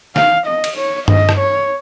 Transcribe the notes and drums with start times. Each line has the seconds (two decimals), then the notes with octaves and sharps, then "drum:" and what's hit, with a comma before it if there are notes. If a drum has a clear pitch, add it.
0.16 F5, drum: snare
0.46 D#5
0.64 drum: cymbal
0.77 C#5
1.08 D#5, drum: tom G2
1.29 drum: rim click
1.38 C#5